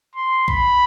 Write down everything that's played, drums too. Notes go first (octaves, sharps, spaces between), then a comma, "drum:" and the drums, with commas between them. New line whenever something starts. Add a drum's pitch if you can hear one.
C6
B5, drum: kick B1